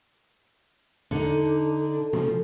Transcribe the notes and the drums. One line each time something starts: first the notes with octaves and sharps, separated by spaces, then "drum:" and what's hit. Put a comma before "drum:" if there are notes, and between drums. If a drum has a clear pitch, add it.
D3 D#4 A4, drum: tom E2
D4
C#3 F3, drum: tom